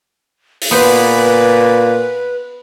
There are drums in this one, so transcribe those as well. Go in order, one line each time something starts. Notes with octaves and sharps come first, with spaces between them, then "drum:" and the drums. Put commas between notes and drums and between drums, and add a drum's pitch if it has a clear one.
drum: open hi-hat
A#2 B3 B4 C5